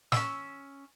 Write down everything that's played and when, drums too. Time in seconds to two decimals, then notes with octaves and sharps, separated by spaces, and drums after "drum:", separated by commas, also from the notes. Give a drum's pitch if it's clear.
0.12 C#4 E6, drum: snare